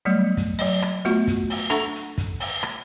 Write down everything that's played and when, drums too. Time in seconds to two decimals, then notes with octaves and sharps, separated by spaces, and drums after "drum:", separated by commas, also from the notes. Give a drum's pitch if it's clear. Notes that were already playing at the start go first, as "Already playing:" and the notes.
0.05 F#3 G3 A3 B3
0.37 drum: kick, hi-hat
0.59 F#3 D#5, drum: open hi-hat
0.82 drum: rim click
1.05 A3 B3 F4 F#4, drum: hi-hat
1.27 drum: kick, hi-hat
1.50 drum: open hi-hat
1.70 D4 A4 E5 F#5 A#5 C#6, drum: rim click
1.95 drum: hi-hat
2.18 drum: kick, hi-hat
2.40 drum: open hi-hat
2.63 drum: rim click